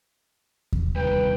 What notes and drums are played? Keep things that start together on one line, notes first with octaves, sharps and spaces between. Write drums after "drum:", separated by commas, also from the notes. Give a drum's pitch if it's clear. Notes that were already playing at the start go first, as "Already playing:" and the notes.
drum: kick D#2
C3 D#3 G3 B4 G5